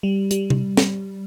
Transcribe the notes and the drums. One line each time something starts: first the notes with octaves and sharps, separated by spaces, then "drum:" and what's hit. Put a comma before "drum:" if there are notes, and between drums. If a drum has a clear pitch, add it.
G3
G3, drum: hi-hat
drum: tom C3
drum: snare